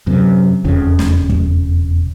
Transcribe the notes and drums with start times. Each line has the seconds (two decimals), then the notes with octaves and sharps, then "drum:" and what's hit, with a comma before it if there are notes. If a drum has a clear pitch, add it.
0.07 F#2 C3
0.64 E1 F2 C#3
0.99 drum: snare
1.29 drum: kick